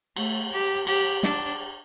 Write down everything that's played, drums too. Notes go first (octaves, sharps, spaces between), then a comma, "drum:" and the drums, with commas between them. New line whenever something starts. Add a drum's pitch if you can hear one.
A3, drum: cymbal
G4
G4, drum: cymbal
D4, drum: snare